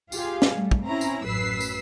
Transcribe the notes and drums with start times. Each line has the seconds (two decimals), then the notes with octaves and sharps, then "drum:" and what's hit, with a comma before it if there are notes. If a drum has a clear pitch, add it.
0.12 F4 G4 G#4 F5, drum: tambourine
0.42 drum: snare
0.53 G3 A3
0.71 drum: kick
0.87 C4 C#4 E4 A#5
1.01 drum: tambourine
1.26 A1 F#2 B4 E6 B6 C7
1.60 drum: tambourine